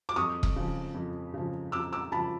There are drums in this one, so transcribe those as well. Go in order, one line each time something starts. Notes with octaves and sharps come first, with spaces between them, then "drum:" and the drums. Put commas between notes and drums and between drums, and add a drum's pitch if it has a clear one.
D6
F2 C#6 D#6
drum: kick E1
C#3 F3
F2
C#3 F3
F2 D6 E6
D6 E6
C#3 F3 A5 B5